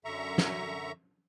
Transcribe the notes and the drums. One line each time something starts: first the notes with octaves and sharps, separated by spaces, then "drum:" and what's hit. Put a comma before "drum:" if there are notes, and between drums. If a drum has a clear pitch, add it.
F#2 D3 E5 A#5 C#6
drum: snare